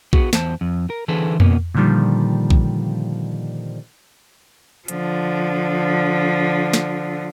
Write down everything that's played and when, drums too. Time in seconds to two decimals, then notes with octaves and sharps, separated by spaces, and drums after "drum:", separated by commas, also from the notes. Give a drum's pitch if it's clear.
0.13 B3 F#4 G#4, drum: kick
0.33 E2 C5 A5, drum: snare
0.61 F2
0.90 A#4
1.08 D3 E3 G#4 A4 B4 C5
1.40 B2 A#3 B3 C#4, drum: tom F2
1.74 A#2 D3 D#3 F3 G3
2.50 drum: kick
4.88 D3 F3, drum: hi-hat
6.73 drum: snare